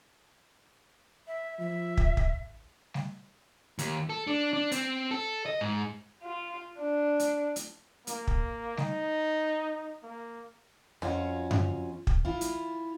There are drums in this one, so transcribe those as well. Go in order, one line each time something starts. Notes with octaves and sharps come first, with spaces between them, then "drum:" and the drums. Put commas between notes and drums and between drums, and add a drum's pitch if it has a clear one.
E5
F3 E5
drum: kick
drum: kick
drum: snare
D#2, drum: hi-hat
A4
D4
D4
C4, drum: hi-hat
A4
D#5
G#2
F4
D4
drum: hi-hat
drum: hi-hat
A#3, drum: hi-hat
drum: kick
D#4, drum: snare
A#3
F2 C#4 F4 F#4, drum: rim click
drum: tom F#2
drum: kick
E4 F4
drum: hi-hat